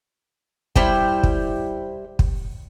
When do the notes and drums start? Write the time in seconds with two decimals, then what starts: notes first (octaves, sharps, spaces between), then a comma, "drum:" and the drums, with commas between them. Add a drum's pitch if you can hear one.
0.76 G3 E4 C5 G5, drum: kick
1.23 drum: kick
2.19 drum: kick